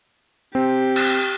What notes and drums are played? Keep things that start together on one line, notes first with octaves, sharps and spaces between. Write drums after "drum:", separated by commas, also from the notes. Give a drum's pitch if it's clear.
C4 G4
drum: cymbal